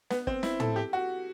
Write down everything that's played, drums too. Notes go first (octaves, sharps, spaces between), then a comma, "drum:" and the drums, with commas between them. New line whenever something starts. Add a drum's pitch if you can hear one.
B3, drum: snare
C4, drum: kick
E4, drum: snare
A4, drum: tom
G4
F#4